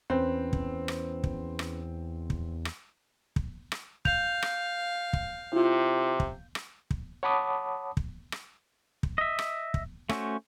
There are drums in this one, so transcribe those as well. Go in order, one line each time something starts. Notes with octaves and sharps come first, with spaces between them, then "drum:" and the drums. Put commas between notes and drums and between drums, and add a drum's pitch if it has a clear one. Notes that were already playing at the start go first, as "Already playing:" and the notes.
E2 C4 C#4 B4
drum: kick
drum: rim click
drum: kick
drum: rim click
drum: kick
drum: rim click
drum: kick
drum: rim click
F5 G6 F7, drum: kick
drum: rim click
drum: kick
C3 E4 F4
drum: kick
drum: rim click
drum: kick
C#5 F#5 A5 B5 D6 D#6
drum: kick
drum: rim click
drum: kick
D#5 E5
drum: rim click
drum: kick
A3 C#4 F#4 C5, drum: rim click